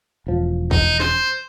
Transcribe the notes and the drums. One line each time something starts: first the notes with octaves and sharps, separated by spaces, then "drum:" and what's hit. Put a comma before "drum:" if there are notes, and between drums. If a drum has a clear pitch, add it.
E1 F3
D#4, drum: kick
C5, drum: snare